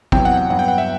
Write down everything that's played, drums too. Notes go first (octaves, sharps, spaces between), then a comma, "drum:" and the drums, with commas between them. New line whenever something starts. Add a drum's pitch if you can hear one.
E2 C3 F#3 G5, drum: kick
F#5
F#5
G2 F#3 B3 F#5
G5
F#5
E5